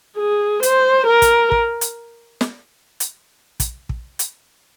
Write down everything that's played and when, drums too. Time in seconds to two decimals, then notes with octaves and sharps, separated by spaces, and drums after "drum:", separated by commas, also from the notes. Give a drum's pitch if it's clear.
0.17 G#4
0.63 C5, drum: hi-hat
1.06 A#4
1.22 drum: kick, hi-hat
1.52 drum: kick
1.81 drum: hi-hat
2.41 drum: snare
3.00 drum: hi-hat
3.60 drum: kick, hi-hat
3.89 drum: kick
4.19 drum: hi-hat